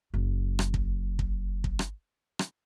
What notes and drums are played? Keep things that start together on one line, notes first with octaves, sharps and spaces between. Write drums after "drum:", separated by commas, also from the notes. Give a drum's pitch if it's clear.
F#1 F#3
drum: rim click
drum: kick
drum: kick
drum: kick
drum: rim click
drum: rim click